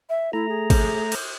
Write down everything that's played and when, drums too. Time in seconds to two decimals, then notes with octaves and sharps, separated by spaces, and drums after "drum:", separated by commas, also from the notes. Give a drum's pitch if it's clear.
0.09 E5
0.33 A3 E4 A#5
0.49 G#4
0.70 drum: kick, cymbal
1.12 drum: cymbal